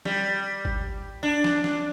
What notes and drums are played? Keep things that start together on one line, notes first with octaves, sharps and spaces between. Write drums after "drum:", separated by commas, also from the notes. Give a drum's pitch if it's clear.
G3, drum: snare
drum: kick G#1
D4
drum: snare
drum: snare